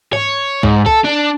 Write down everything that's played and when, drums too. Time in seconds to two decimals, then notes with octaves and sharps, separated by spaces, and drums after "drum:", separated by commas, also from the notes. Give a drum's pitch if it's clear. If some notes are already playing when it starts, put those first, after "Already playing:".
0.13 C#5, drum: tom G#2
0.63 G#2, drum: kick B1
0.86 A4, drum: kick B1
1.05 D4